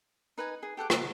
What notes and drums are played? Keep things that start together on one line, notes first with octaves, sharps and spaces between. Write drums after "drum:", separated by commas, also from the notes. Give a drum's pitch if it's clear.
D#4 B4 D#5 G#5
G#4
G4 A4 F#5 D6
A#4 F#5 C6, drum: rim click